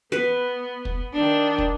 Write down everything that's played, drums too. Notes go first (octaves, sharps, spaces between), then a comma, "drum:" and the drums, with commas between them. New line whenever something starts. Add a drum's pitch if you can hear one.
B3 B4, drum: snare
drum: kick
D#3 D4
drum: kick